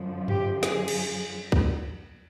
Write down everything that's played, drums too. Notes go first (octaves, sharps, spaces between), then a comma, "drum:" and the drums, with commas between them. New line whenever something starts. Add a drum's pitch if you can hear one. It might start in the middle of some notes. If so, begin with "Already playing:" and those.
Already playing: F#2 D3 F3
G4, drum: tom G2
G#4, drum: snare
drum: cymbal
drum: kick